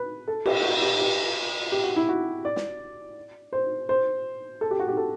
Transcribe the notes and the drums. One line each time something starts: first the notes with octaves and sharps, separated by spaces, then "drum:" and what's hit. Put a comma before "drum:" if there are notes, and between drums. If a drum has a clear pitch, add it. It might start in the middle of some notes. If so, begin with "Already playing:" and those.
Already playing: B4
A4
G4, drum: cymbal
F#4
G4
G4
G4
F#4
E4
F#4
D5
drum: snare
C5
C5
A4
G4
F#4
G4
A4